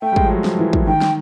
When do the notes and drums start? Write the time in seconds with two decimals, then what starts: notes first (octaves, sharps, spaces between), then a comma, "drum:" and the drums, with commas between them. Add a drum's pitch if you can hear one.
0.02 A3 G5
0.12 G3
0.16 G#3, drum: kick
0.25 F3
0.31 F#3
0.44 F3, drum: snare
0.59 E3
0.73 E3, drum: kick
0.87 D#3 G5
1.01 drum: snare